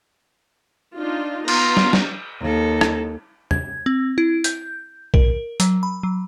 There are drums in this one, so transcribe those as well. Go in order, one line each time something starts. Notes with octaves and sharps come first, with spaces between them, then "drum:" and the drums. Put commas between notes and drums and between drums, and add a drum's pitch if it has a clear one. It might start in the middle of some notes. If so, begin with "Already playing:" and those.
D4 D#4 F4
B3 F4 A#5, drum: cymbal
drum: snare
drum: snare
D#2 A4
drum: rim click
G#6, drum: tom
C4
E4
G6, drum: hi-hat
A#4, drum: kick B1
F#3, drum: hi-hat
B5
F#3